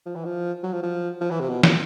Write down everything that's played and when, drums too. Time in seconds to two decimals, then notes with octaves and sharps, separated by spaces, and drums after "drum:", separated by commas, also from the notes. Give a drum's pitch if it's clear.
0.06 F3
0.16 E3
0.25 F3
0.63 F#3
0.73 F3
0.83 F3
1.21 F3
1.30 E3
1.40 C3
1.49 B2
1.63 A#2, drum: snare